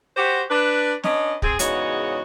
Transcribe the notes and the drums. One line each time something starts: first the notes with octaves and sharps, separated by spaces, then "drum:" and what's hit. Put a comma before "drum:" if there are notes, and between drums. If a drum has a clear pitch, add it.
F#4 G4 C5
D4 B4
C#4 D4 B4 C#5 D#5, drum: snare
C4 G#4, drum: kick
E2 G#2 C#3 F#4 C#5 D#5, drum: hi-hat